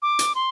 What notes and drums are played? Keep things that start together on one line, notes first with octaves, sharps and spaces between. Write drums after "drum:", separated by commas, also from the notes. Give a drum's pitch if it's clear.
D6
drum: hi-hat
C6